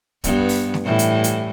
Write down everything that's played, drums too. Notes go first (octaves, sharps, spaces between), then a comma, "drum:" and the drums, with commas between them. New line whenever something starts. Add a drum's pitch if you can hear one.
G2 B3, drum: kick, hi-hat
drum: open hi-hat
drum: snare A3
A2 E3 G3
drum: hi-hat
drum: hi-hat